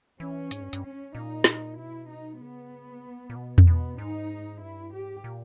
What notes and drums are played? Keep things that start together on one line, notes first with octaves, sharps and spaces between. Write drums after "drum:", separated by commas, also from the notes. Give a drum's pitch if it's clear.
E3 C#4
G#2, drum: hi-hat
G2
G2, drum: hi-hat
C#4
A#2 D#4
drum: snare
B2 E4
D#4
C#3 B3
A#2
B2
A#2, drum: tom E2
B2 B3
G#2 D#4
G2 E4
G#2 G4
A#2